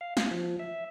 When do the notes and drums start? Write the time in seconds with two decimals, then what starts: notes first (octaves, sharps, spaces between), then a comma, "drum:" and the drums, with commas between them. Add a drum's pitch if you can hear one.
0.01 F5
0.17 F5, drum: snare
0.31 F3
0.59 E5